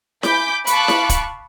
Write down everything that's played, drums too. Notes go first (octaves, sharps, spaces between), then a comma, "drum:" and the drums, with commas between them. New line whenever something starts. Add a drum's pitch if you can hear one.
G#5 B5 D6 G6 B6, drum: snare E4
F5 A5 B5 C#6 D6 F#6, drum: hi-hat
drum: snare E4
drum: kick, hi-hat